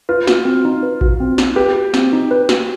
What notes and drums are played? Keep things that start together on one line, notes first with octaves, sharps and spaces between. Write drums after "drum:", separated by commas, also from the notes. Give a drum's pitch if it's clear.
F4 B4
F#4, drum: snare
C4
D#4
B4
F#4, drum: kick A1
C4
D#4, drum: snare
G4 B4
F#4
C4, drum: snare
D#4
B4
F#4, drum: snare